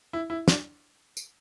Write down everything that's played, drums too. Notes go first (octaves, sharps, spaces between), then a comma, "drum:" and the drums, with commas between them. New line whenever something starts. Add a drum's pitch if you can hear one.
E4
E4
D4, drum: snare
drum: tambourine